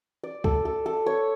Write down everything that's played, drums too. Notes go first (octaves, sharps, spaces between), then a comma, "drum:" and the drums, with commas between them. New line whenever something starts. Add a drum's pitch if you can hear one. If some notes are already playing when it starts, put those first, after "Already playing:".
D5
A4, drum: kick C#2
A4
A4
C#5